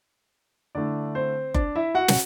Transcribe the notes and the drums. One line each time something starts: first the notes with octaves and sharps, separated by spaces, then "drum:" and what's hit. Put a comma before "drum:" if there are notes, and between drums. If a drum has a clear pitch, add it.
D3 A3 D4 E4 D5
C4 C5
D4 D5, drum: kick F#1
E4 E5
F#4 F#5
drum: snare